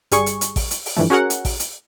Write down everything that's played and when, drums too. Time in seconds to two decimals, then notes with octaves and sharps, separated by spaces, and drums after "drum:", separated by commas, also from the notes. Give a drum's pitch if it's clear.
0.11 G1 G3 G#4 C#6, drum: hi-hat
0.26 drum: hi-hat
0.41 drum: hi-hat
0.56 drum: kick A1, open hi-hat
0.71 drum: hi-hat
0.85 drum: open hi-hat
0.97 G2 E3 F3 A3
1.10 C#4 F#4 G#4 A#4 F#5
1.30 drum: hi-hat
1.45 drum: kick A1, open hi-hat
1.60 drum: hi-hat